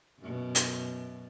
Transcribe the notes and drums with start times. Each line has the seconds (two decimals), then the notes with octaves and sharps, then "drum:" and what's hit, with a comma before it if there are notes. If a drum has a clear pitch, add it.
0.19 F#2 B2
0.55 drum: hi-hat